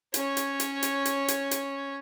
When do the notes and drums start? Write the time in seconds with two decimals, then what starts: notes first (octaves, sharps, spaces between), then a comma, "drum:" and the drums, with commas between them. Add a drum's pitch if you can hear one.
0.14 C#4 C#5, drum: hi-hat
0.37 drum: hi-hat
0.60 drum: hi-hat
0.83 drum: hi-hat
1.05 drum: hi-hat
1.28 drum: hi-hat
1.51 drum: hi-hat